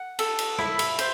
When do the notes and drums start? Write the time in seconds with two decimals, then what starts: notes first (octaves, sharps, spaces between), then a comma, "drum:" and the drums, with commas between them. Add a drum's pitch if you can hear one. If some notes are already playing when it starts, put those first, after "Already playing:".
Already playing: F#5
0.19 A4, drum: cymbal
0.39 drum: cymbal
0.59 E4, drum: rim click
0.79 drum: cymbal
0.99 C5, drum: cymbal